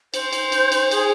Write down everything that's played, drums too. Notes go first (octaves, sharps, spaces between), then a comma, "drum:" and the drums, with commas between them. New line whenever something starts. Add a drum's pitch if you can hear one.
C5, drum: cymbal
drum: cymbal
drum: cymbal
drum: cymbal
G#4, drum: cymbal